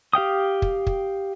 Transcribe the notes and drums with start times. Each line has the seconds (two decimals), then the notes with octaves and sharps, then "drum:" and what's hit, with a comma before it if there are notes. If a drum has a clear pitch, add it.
0.13 G4 F5 G5 D#6
0.62 drum: kick
0.87 drum: kick